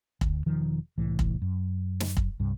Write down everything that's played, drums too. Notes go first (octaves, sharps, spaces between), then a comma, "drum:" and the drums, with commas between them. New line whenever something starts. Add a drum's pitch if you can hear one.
D2, drum: kick
E1 D#3 F3
C2 A2 E3
drum: kick
F#2
drum: snare
drum: kick
C2 G2